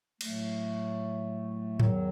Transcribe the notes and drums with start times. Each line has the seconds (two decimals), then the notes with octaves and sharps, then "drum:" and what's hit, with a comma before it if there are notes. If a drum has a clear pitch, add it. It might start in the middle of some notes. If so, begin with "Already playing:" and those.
0.21 A2 F#3 A3, drum: cymbal
1.80 E2 D#3 F#3, drum: tom G#2